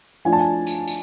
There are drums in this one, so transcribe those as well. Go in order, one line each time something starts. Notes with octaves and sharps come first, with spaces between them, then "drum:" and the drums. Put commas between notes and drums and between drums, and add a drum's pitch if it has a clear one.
F3 A3 D4 F4 G#5
A5
G#5
drum: tambourine
drum: tambourine